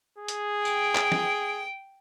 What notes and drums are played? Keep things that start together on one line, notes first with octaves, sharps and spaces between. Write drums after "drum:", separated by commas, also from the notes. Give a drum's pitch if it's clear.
G#4
drum: hi-hat
G5 D7, drum: tambourine
drum: clap
drum: snare